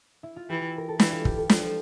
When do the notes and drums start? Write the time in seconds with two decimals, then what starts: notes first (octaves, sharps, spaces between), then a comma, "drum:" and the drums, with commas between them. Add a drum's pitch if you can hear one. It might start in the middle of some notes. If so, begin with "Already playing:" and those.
0.23 E4
0.36 F4
0.49 E3 G4
0.78 A#4
0.88 A4
0.99 E3 G4, drum: snare
1.12 F4
1.25 G4, drum: kick
1.37 A4
1.49 F3 F4, drum: snare